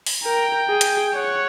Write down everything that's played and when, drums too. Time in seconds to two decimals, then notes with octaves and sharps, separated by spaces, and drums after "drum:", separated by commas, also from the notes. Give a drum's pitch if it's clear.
0.06 drum: open hi-hat
0.23 A#4 G5
0.69 G#4
0.81 drum: hi-hat
1.15 C#5 F#5